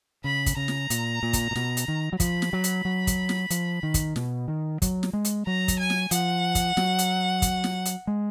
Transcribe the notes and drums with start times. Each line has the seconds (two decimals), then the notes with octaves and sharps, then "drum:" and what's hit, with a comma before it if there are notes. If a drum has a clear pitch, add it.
0.24 C#3 B5
0.46 drum: kick, hi-hat
0.57 C#3 A#5
0.68 drum: snare
0.90 A#2, drum: hi-hat
1.23 A#2
1.33 drum: kick, hi-hat
1.51 A#2
1.56 B2, drum: snare
1.77 drum: hi-hat
1.88 D#3
2.13 F#3
2.20 F3 B5, drum: kick, hi-hat
2.42 drum: snare
2.53 F#3
2.64 drum: hi-hat
2.85 F#3
3.07 drum: kick, hi-hat
3.29 drum: snare
3.50 F3, drum: hi-hat
3.83 D#3
3.94 drum: kick, hi-hat
4.16 B2, drum: snare
4.48 D#3
4.82 F#3, drum: kick, hi-hat
5.03 drum: snare
5.13 G#3
5.25 drum: hi-hat
5.46 F#3 A#5
5.68 drum: kick, hi-hat
5.79 G#5
5.90 drum: snare
6.11 F3 F#5, drum: hi-hat
6.55 drum: kick, hi-hat
6.77 F#3, drum: snare
6.98 drum: hi-hat
7.42 drum: kick, hi-hat
7.64 drum: snare
7.85 drum: hi-hat
8.07 G#3